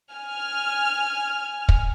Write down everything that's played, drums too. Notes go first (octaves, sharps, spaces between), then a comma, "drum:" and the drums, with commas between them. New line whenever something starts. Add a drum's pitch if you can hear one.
G#5 F6
drum: kick